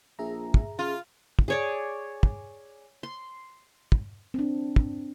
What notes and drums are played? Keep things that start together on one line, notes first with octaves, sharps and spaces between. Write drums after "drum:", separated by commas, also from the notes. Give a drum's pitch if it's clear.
A#1 G#4 E5 A#5
drum: kick
C#3 F4
drum: kick
G#4 C#5 D5
drum: kick
C6
drum: kick
C4 D4
drum: kick